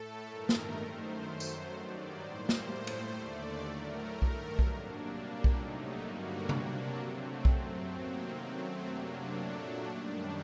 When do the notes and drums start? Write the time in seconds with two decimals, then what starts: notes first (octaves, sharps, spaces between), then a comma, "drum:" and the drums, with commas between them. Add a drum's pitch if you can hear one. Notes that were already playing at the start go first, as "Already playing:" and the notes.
Already playing: A2 A3 A4
0.28 G2 D#3 A3 A#4
0.49 drum: snare
0.77 F#2 D#3 A3 C5
1.24 F#2 F#3 A3
1.40 drum: tambourine
1.72 G2 D#3 F#3 D5
2.20 A2 G3 A#3 C5
2.49 drum: snare
2.68 A2 A3
2.87 drum: cymbal
3.15 D#2 D3 A3 D5
3.63 A2 F#3 A3 A#4
4.10 G2 D#3 A3
4.22 drum: kick B1
4.59 C3 F#3 A#3 D4, drum: kick B1
5.06 A#2 G3 A#3
5.44 drum: kick B1
5.54 C3 F#3 A3 D#4
6.02 G2 D3 G3 A#3 F#4
6.49 C3 F#3 A#3 D4, drum: tom C3
6.97 C3 F#3 A3 C4
7.45 F#2 F#3 A3 C4, drum: kick B1
7.93 C3 D#3 F#3 A#3
8.41 F#2 F#3 A3 C4
8.88 C3 F#3 A#3 D4
9.36 A#2 F#3 A3
9.84 F#2 D#3 G3 D4